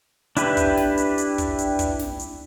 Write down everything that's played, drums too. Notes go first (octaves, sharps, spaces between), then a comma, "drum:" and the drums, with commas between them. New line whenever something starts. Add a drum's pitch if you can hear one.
D4 E4 G4 B4, drum: hi-hat
drum: kick, hi-hat
drum: snare
drum: hi-hat
drum: hi-hat
drum: kick, hi-hat
drum: hi-hat
drum: kick, hi-hat
drum: snare
drum: hi-hat